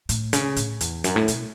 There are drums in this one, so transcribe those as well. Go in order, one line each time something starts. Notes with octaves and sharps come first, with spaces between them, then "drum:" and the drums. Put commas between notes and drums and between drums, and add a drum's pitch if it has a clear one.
A2, drum: hi-hat
C#3, drum: hi-hat
A2, drum: hi-hat
E2, drum: hi-hat
F#2, drum: hi-hat
A2
B2, drum: hi-hat